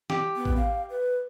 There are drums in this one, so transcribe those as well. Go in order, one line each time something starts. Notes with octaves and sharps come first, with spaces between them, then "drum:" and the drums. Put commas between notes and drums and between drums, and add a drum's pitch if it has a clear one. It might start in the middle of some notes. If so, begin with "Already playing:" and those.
G4, drum: snare
B3
drum: kick A1
F5
B4